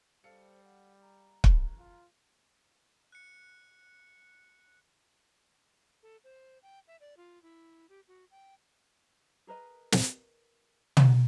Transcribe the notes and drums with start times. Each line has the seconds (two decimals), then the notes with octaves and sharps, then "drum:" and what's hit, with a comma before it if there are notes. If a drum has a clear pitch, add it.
0.24 G3 A4 C5 F5 C#7
0.64 F#5
1.02 A#5
1.44 F#1 E3 E5, drum: kick
1.78 F4
3.12 F#6 C#7
6.03 A4
6.24 C5
6.63 G5
6.88 E5
7.01 D5
7.17 F4
7.43 E4
7.89 G4
8.08 F#4
8.31 G5
9.47 G#4 A#4 B4 D#5
9.92 drum: snare
10.97 drum: tom